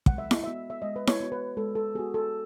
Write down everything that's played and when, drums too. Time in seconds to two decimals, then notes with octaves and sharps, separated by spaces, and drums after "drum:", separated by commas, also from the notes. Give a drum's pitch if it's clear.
0.06 G#3 F#5, drum: kick
0.18 E5
0.31 D#5, drum: snare E4
0.44 B3 F#4 E5
0.70 E5
0.82 G#3 D#5
0.96 B4
1.07 C#5, drum: snare E4
1.20 B3 F#4
1.32 B4
1.57 G#3 A4
1.75 A4
1.95 B3 F#4 G#4
2.14 A4